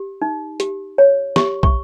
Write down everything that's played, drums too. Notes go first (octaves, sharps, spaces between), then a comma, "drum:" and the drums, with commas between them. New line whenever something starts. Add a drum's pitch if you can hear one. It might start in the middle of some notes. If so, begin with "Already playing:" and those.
Already playing: G4
D#4
G4, drum: hi-hat
C#5
G4 C#6, drum: snare
C#6, drum: kick